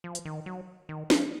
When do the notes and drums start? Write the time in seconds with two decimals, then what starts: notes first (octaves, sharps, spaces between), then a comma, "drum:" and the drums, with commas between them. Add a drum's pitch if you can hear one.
0.04 F3
0.15 drum: hi-hat
0.25 D#3
0.46 F#3
0.89 D#3
1.10 F3, drum: snare